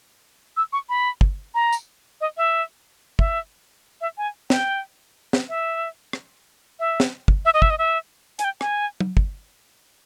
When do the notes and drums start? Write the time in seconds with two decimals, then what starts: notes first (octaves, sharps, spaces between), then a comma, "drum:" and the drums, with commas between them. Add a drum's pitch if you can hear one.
0.57 E6
0.73 C#6
0.89 B5
1.21 drum: kick
1.55 A#5
1.72 drum: tambourine
2.21 D#5
2.37 E5
3.19 E5, drum: kick
4.01 E5
4.18 G#5
4.50 G5, drum: snare
5.33 drum: snare
5.49 E5
6.13 drum: rim click
6.80 E5
7.00 drum: snare
7.28 drum: kick
7.45 E5
7.54 D#5
7.62 E5, drum: kick
7.70 D#5
7.78 E5
8.39 G#5, drum: hi-hat
8.44 G5
8.61 G#5, drum: rim click
9.00 drum: tom
9.17 drum: kick